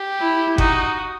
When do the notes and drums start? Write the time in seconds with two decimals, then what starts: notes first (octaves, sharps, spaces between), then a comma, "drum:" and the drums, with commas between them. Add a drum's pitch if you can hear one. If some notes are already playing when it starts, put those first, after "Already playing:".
Already playing: G4
0.20 E4
0.58 D#4 F#4, drum: kick G1